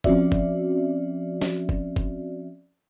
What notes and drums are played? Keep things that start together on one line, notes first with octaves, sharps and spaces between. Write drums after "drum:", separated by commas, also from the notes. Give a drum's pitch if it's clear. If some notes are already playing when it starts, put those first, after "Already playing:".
F3 C4 C#4 F#4 D5 E5, drum: kick
drum: kick
drum: snare
drum: kick
drum: kick